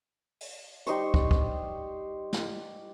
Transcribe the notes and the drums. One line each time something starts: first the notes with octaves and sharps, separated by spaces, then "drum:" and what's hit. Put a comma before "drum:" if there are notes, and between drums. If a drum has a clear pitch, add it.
drum: open hi-hat
G3 D#4 C5 C#6, drum: hi-hat
drum: kick
drum: kick
drum: snare